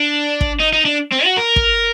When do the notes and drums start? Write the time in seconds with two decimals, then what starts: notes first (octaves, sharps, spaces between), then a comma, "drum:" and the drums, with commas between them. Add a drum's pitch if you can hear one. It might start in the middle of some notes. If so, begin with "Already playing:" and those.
Already playing: D4
0.41 drum: kick
0.60 D#4
0.73 D#4
0.85 D4
1.12 C4
1.24 F#4
1.37 A#4
1.56 drum: kick